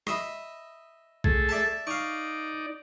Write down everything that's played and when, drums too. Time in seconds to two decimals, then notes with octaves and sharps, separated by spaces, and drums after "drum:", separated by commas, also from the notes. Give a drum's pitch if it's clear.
0.07 D#5 E5 B5, drum: rim click
1.24 A3 G#4 A4, drum: kick B1
1.49 D5 E5 A5
1.87 D#4 D5 F5 C#6